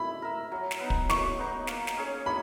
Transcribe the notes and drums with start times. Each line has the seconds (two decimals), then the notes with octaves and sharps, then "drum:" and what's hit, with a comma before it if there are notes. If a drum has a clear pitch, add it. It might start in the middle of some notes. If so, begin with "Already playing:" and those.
Already playing: E4 B5
0.22 A#4 E5
0.52 F#3
0.71 drum: snare
0.80 B3 D#4
0.90 drum: kick
1.10 F#3 C#6, drum: snare
1.38 B3 D#4
1.67 A#3, drum: snare
1.87 drum: snare
1.97 C#4 G#4 C#5
2.26 A#3 B5